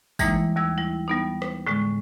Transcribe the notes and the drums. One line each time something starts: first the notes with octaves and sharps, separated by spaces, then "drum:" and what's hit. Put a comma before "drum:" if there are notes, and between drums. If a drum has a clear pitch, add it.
E3 G3 G#3 A#3 D#4 E4, drum: kick, tambourine
D#2 G3 E6 G#6
G3 E4
G3 B3 D#4
drum: rim click
A2 D3 G#3